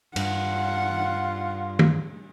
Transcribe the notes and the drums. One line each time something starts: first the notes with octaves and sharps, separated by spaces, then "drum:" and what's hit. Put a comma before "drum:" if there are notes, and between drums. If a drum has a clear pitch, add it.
G2 F4 F#5, drum: cymbal
drum: tom